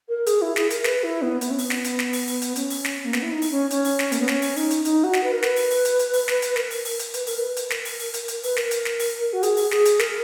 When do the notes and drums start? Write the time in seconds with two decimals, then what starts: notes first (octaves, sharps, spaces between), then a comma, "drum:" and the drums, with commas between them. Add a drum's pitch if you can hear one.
0.09 A#4
0.26 G#4, drum: hi-hat
0.42 E4
0.56 G#4, drum: snare
0.70 A#4, drum: hi-hat
0.84 B4, drum: snare
1.03 E4
1.22 B3
1.41 B3, drum: hi-hat
1.50 C#4
1.58 B3, drum: open hi-hat
1.70 drum: snare
1.84 drum: hi-hat
1.99 drum: snare
2.13 drum: open hi-hat
2.27 drum: open hi-hat
2.42 drum: hi-hat
2.56 C#4, drum: hi-hat
2.70 drum: open hi-hat
2.84 drum: snare
3.05 A#3
3.13 B3, drum: snare
3.22 E4
3.32 D#4
3.42 drum: open hi-hat
3.51 C#4
3.71 C#4, drum: hi-hat
3.85 drum: open hi-hat
3.99 drum: snare
4.12 A#3, drum: hi-hat
4.20 B3
4.28 C#4, drum: snare
4.42 drum: open hi-hat
4.56 D#4, drum: open hi-hat
4.70 drum: hi-hat
4.85 D#4, drum: hi-hat
5.04 F#4
5.13 drum: snare
5.23 B4
5.32 A#4
5.42 B4, drum: snare
5.56 drum: open hi-hat
5.71 drum: open hi-hat
5.85 drum: hi-hat
5.99 drum: hi-hat
6.13 drum: open hi-hat
6.28 drum: snare
6.42 drum: hi-hat
6.56 A#4, drum: snare
6.71 drum: open hi-hat
6.85 drum: open hi-hat
6.99 drum: hi-hat
7.14 B4, drum: hi-hat
7.27 A#4, drum: open hi-hat
7.38 B4
7.56 drum: hi-hat
7.70 A#4, drum: snare
7.85 drum: open hi-hat
7.99 drum: open hi-hat
8.14 drum: hi-hat
8.28 drum: hi-hat
8.43 B4, drum: open hi-hat
8.56 A#4, drum: snare
8.71 drum: hi-hat
8.85 drum: snare
8.99 drum: open hi-hat
9.33 F#4
9.43 G#4, drum: hi-hat
9.57 drum: open hi-hat
9.71 G#4, drum: snare
9.85 drum: hi-hat
9.99 A#4, drum: snare